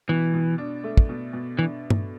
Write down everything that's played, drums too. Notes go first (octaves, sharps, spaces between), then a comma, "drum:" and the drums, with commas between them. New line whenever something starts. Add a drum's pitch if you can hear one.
B2 E3
B2
D4
A3
drum: kick
B2
B2
E3 D4
drum: tom G2